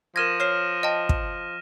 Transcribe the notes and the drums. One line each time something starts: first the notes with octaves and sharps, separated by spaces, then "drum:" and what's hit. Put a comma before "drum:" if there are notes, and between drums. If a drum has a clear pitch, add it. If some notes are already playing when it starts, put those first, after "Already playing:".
F3 A#4 F6 G#6 A#6 D#7 E7
C#5 F6 C7 E7
D#5 G5 A5
drum: kick